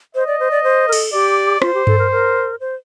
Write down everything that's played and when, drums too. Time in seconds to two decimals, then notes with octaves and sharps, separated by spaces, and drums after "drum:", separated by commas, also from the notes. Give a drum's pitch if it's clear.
0.15 C5 D#5
0.27 D5
0.40 C5
0.51 D5
0.64 C5
0.88 A#4
0.92 A4, drum: cymbal
1.13 G4 D5
1.62 F4 C5, drum: rim click
1.74 G4
1.87 A4, drum: tom G2
1.99 A#4
2.11 A#4
2.60 C5